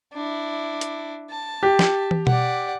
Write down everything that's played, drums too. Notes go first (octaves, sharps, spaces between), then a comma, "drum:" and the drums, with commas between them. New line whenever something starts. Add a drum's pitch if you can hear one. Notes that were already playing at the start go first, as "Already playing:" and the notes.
D4 E4
drum: hi-hat
A5
G4
drum: snare
drum: tom
D5 F#5, drum: tom B2